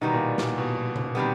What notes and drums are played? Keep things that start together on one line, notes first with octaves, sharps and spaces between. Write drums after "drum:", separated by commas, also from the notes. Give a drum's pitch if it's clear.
B2 D#3 G3 B3 D#4
A#2
A#2, drum: snare
B2
drum: tom C#3
C3 D#3 G3 B3